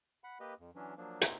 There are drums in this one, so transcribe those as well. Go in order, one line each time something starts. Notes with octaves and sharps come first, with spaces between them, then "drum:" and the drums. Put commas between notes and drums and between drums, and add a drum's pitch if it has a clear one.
F#5 B5
A#3 G4 B4 D#5
F2
E3 F#3 C#4 D4
F3 F#3 A#3 D4
C3 A#3 C4 D#4, drum: hi-hat